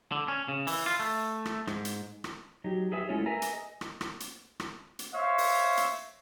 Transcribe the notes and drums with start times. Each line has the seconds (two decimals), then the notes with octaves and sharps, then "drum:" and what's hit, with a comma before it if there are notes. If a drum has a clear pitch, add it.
0.12 D3
0.28 C#4
0.48 C#3
0.67 E3, drum: open hi-hat
0.86 F4
1.00 A3
1.45 drum: rim click
1.67 G#2, drum: rim click
1.85 drum: hi-hat
2.24 drum: rim click
2.64 F#3 D#4 G4
2.92 G4 G#4 B4 E5
3.09 G#3 A3 C#4 E4 F4 C#5
3.26 G#4 A#4 B4 E5 G#5 A#5
3.42 drum: hi-hat
3.53 D#5
3.81 drum: rim click
4.01 drum: rim click
4.20 drum: hi-hat
4.60 drum: rim click
4.99 drum: hi-hat
5.14 C5 C#5 E5 F5
5.38 drum: open hi-hat
5.77 drum: hi-hat